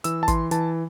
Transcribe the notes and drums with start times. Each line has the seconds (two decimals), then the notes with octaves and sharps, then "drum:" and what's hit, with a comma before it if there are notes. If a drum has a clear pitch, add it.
0.04 E3 E6, drum: hi-hat
0.23 A5
0.28 E3 C6, drum: kick, hi-hat
0.51 E3 A5, drum: hi-hat